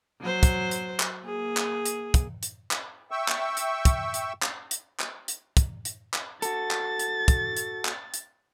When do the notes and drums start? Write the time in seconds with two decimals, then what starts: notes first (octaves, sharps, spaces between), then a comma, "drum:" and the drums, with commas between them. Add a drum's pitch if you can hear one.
0.21 F#3 C5
0.43 drum: kick, hi-hat
0.71 drum: hi-hat
1.00 drum: clap
1.22 A#3 G#4
1.57 drum: clap
1.86 drum: hi-hat
2.14 drum: kick, hi-hat
2.43 drum: hi-hat
2.71 drum: clap
3.11 E5 G5 C#6 E6
3.28 drum: clap
3.57 drum: hi-hat
3.85 drum: kick, hi-hat
4.14 drum: hi-hat
4.42 drum: clap
4.71 drum: hi-hat
5.00 drum: clap
5.28 drum: hi-hat
5.57 drum: kick, hi-hat
5.85 drum: hi-hat
6.14 drum: clap
6.42 F#4 A4 A6, drum: hi-hat
6.71 drum: clap
6.99 drum: hi-hat
7.28 drum: kick, hi-hat
7.57 drum: hi-hat
7.85 drum: clap
8.14 drum: hi-hat